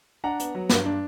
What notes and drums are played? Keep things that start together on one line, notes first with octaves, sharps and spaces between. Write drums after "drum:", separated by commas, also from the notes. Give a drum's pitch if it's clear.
D4 F#5 A#5
B3, drum: hi-hat
F#3
G2, drum: snare
D4